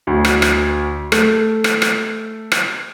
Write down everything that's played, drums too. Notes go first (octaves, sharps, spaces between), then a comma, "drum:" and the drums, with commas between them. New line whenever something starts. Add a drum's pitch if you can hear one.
D2
drum: rim click
drum: rim click
A3, drum: rim click
drum: rim click
drum: rim click
drum: rim click